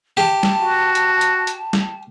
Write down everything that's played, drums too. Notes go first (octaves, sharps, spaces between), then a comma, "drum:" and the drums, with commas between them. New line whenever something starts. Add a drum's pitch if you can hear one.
G4 A5
drum: snare
F#4
drum: hi-hat
drum: hi-hat
drum: hi-hat
drum: snare